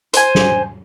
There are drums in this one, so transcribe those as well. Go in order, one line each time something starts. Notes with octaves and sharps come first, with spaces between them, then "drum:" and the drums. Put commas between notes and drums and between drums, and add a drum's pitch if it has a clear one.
C5 G#5, drum: hi-hat
drum: snare